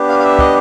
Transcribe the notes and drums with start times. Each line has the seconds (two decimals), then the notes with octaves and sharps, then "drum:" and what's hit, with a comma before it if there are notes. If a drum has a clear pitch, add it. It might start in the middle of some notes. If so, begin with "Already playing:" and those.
Already playing: B3 D4 G4
0.09 F5
0.19 F5
0.24 E5
0.39 D#5, drum: kick